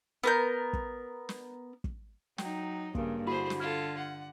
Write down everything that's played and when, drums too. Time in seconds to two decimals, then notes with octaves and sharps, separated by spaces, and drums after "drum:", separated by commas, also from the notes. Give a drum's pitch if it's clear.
0.24 B3 A#4 G6
0.73 drum: kick
1.29 drum: snare
1.84 drum: kick
2.38 F#3 D#4 G5, drum: snare
2.95 G2 C#3 A#3 A#4, drum: kick
3.27 D3 E4 F#4 G#4 C5 B5
3.50 drum: snare
3.60 F4 A4 F6 G#6
3.97 F#5